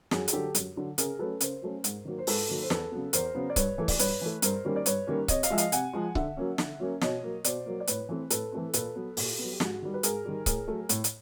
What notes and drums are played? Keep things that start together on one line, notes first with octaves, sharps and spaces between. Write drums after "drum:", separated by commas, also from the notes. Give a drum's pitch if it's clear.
F#2 F#4 G#4, drum: snare
G#4, drum: hi-hat
D3 F#3 G4 A4
F#2, drum: hi-hat
D3 F#3
C#3 G#4 A#4, drum: hi-hat
F#3 A3 C#4 A4 B4
C#3 A#4 C5, drum: hi-hat
F#3 A3 C#4
G#2, drum: hi-hat
D#3 F#3 A#3
C5
G#2 A4 B4, drum: open hi-hat
D#3 F#3 A#3
C5
E2 A4 B4, drum: snare
C#3 F#3 B3
E2 A#4 C5, drum: hi-hat
C#3 F#3 B3
D5
G2 B4 C#5, drum: kick C#1, hi-hat
E3 A3
D5, drum: kick C#1, open hi-hat
G2 B4 C#5, drum: hi-hat
E3 A3
G2 A#4 C5, drum: hi-hat
D#3 G3 A#3 C#4
D5
G2 B4 C#5, drum: hi-hat
D#3 G3 A#3 C#4
C3 C#5 D#5, drum: kick C#1, hi-hat
D#5 F5, drum: hi-hat
F3 G#3 E5
D#5 F5, drum: hi-hat
C3 F#5 G#5, drum: hi-hat
F3 G#3
D3 E5 F#5, drum: kick C#1
F#3 A#3 C#4
D3, drum: snare
F#3 A#3 C#4
B2 C#5 D#5, drum: snare
F#3 A#3
B2 C5 D5, drum: hi-hat
F#3 A#3
D5
A2 B4 C#5, drum: hi-hat
E3 A3 C4
A2 A4 B4, drum: hi-hat
E3 A3 C4
A#2 A4 B4, drum: hi-hat
F#3 B3
A#2 G4 A4, drum: open hi-hat
F#3 B3
G4
G#2 F#4 G#4, drum: snare
D#3 G3
B4
G#2 G#4 A#4, drum: hi-hat
D#3 G3
A2 G#4 A#4, drum: kick C#1, hi-hat
F#3 A3
A2, drum: hi-hat
drum: hi-hat